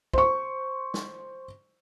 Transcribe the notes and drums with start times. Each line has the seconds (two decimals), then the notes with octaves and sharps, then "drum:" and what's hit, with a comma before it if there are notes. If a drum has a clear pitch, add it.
0.13 C5 C#6, drum: kick
0.94 drum: snare